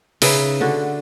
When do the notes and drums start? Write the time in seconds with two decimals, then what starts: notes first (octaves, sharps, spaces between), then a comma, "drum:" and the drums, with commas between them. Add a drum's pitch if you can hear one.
0.22 C#3 D#4 B4 E5, drum: open hi-hat
0.61 D3 D4 F#4